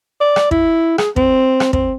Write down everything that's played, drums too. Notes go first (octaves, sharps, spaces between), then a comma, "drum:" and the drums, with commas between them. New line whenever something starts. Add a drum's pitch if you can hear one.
D5
drum: rim click
E4, drum: kick
G#4, drum: rim click
C4, drum: kick
drum: rim click
C4, drum: kick